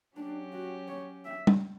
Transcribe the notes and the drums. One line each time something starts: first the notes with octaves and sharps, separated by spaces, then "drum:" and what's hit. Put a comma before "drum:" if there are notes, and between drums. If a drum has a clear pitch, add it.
F#3 C#4 D4 G4
F#4
C#5
E5
drum: tom G3